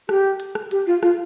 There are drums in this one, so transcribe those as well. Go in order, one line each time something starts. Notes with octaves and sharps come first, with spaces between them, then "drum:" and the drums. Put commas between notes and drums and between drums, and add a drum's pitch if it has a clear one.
G4, drum: rim click
drum: hi-hat
drum: rim click
G4, drum: hi-hat
F4
F4, drum: rim click